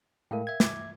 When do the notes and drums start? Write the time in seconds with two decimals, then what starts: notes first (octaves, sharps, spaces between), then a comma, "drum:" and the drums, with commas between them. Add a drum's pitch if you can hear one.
0.31 A2 G#3 A3 A#4 F5 G5
0.47 E5 G#6
0.60 D6, drum: snare